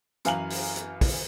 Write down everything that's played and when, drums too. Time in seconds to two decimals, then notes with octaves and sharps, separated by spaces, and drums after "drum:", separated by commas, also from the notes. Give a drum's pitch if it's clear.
0.25 F#2 E3 F5 G#5 A#5 F#7, drum: hi-hat
0.50 drum: open hi-hat
0.76 drum: hi-hat
1.01 drum: kick, open hi-hat